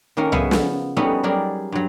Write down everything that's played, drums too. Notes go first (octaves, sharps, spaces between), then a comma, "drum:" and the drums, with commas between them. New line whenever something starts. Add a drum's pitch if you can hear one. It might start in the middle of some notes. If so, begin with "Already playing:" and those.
D#3 A#3 C#4 A#4
F#2 C#3 B3 E5 F5 G#5, drum: tom C2
F3, drum: snare
G3 B3 C#4 D#4 F#4 A4
F#3 G3 G#4 A#4 D5
G2 F#3